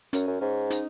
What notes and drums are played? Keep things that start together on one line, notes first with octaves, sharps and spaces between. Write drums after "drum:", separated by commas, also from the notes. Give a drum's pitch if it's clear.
F#2 C#4, drum: hi-hat
F#2
G#2 C#4
D#4, drum: hi-hat